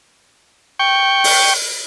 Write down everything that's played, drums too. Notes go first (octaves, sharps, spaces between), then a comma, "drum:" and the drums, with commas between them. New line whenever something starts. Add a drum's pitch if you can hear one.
G5 C#6
drum: open hi-hat